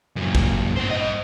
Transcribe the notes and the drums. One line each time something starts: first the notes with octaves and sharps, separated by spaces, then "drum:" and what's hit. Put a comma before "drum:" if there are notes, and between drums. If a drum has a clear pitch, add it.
F#2 A#2
drum: kick
B3 C5
C4 D#5